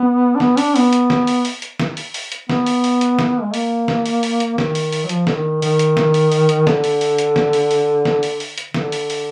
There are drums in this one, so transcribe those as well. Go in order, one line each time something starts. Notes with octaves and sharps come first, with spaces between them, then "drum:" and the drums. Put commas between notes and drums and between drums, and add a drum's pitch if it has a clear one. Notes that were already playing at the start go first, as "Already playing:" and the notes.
Already playing: B3
D4
B3, drum: snare
D4, drum: open hi-hat
B3, drum: open hi-hat
drum: hi-hat
drum: snare
drum: open hi-hat
drum: open hi-hat
drum: hi-hat
drum: snare
drum: open hi-hat
drum: open hi-hat
drum: hi-hat
B3, drum: snare
drum: open hi-hat
drum: open hi-hat
drum: hi-hat
drum: snare
G#3
A#3, drum: open hi-hat
drum: snare
drum: open hi-hat
drum: open hi-hat
drum: hi-hat
D#3, drum: snare
drum: open hi-hat
drum: open hi-hat
F#3
F3, drum: hi-hat
D3, drum: snare
D#3
D#3, drum: open hi-hat
drum: hi-hat
drum: snare
drum: open hi-hat
drum: open hi-hat
drum: hi-hat
D3, drum: snare
drum: open hi-hat
drum: open hi-hat
drum: hi-hat
drum: snare
drum: open hi-hat
drum: open hi-hat
drum: snare
drum: open hi-hat
drum: open hi-hat
drum: hi-hat
D3, drum: snare
drum: open hi-hat
drum: open hi-hat